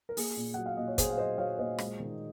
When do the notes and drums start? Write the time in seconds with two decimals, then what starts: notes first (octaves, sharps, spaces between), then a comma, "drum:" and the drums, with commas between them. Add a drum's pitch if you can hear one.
0.09 A#4
0.17 A#3 G#4, drum: open hi-hat
0.37 A#2
0.54 F#3 F#5
0.66 F5
0.77 A#2 D#5
0.88 C#5
0.98 A#2 G#4 C5, drum: kick, hi-hat
1.10 F5
1.18 F#3 C5 D#5
1.38 F#3 C#5 F5
1.58 A#2 C5 D#5
1.78 G#3, drum: rim click
2.00 D#3